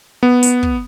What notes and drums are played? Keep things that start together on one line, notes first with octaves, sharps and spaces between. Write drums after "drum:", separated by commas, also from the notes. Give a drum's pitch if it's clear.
B3
drum: hi-hat
drum: kick